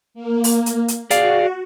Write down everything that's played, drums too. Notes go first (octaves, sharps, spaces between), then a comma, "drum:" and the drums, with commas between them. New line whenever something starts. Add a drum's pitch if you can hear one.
A#3
drum: open hi-hat
drum: hi-hat
drum: hi-hat
F#4 G#4 D5 F5, drum: hi-hat